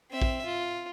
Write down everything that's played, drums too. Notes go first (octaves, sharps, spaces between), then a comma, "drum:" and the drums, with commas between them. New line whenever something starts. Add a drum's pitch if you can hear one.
C4 E5
drum: kick
F4